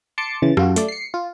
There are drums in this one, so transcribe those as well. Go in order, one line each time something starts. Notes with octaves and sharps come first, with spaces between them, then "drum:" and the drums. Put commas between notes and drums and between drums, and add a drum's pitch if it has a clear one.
A5 C6 D6 C#7
C#3 E3 A6
F#2 F4 F#4, drum: rim click
A3 D5, drum: hi-hat
C7 C#7
F4